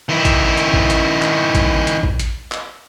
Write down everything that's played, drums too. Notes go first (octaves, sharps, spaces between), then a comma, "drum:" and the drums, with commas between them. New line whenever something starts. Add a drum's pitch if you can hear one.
D#3 E4
drum: kick A1, hi-hat
drum: hi-hat
drum: kick A1
drum: hi-hat
drum: clap
drum: kick A1, hi-hat
drum: hi-hat
drum: kick A1
drum: hi-hat
drum: clap